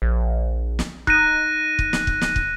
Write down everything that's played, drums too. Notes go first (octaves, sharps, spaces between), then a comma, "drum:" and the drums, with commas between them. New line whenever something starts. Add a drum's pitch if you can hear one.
A#1
drum: snare
D#4 F#6 A#6 D#7, drum: kick
drum: kick
drum: snare
drum: kick
drum: snare
drum: kick